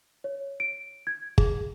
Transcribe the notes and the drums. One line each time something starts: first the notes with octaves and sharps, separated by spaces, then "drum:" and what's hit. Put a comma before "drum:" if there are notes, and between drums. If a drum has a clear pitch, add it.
C#5
D7
G#6
G#4, drum: kick